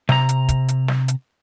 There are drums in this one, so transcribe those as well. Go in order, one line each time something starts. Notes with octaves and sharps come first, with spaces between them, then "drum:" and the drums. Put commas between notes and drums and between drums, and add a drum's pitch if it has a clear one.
C3 A#5, drum: snare
drum: hi-hat
drum: kick, hi-hat
drum: hi-hat
drum: snare
drum: hi-hat